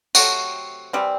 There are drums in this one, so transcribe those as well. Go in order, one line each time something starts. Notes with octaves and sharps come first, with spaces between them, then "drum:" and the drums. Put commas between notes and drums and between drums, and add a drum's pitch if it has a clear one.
C3 F#3 A3 C4 F#4, drum: tambourine
E3 G3 C4